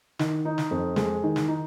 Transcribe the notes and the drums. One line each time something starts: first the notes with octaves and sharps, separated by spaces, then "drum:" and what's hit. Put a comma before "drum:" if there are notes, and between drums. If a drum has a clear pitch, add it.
D#3, drum: snare
D#4
drum: snare
F2
G#3, drum: snare
D#3
drum: snare
D#4